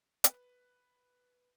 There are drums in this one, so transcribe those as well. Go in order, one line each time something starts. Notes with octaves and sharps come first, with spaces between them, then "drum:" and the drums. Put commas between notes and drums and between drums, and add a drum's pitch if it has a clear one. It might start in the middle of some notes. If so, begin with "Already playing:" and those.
B4, drum: hi-hat